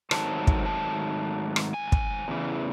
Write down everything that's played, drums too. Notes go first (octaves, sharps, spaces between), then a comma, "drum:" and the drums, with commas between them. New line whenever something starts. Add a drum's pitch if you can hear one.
G#2 D#3 F#3 A3 C4 A5, drum: rim click
drum: kick
A5
drum: rim click
G#5
drum: kick
E2 C#3 E3